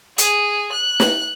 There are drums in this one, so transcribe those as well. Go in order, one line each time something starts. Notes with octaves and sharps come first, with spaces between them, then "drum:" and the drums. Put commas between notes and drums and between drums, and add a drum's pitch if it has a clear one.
G#4, drum: hi-hat
F#6
drum: snare